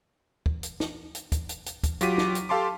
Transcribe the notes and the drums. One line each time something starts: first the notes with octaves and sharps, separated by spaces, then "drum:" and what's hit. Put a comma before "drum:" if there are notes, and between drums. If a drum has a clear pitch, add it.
drum: kick
drum: hi-hat
drum: snare
drum: hi-hat
drum: kick, hi-hat
drum: hi-hat
drum: hi-hat
drum: kick, hi-hat
F#3 F4 G4 D6 B6 D#7, drum: hi-hat
drum: snare
drum: hi-hat
G4 A4 F5 A5 C6 D6